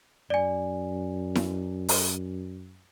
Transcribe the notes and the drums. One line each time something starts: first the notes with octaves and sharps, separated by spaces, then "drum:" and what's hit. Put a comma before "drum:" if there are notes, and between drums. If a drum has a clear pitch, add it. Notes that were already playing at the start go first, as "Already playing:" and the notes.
F#2 D5 G#5
drum: snare E4
drum: open hi-hat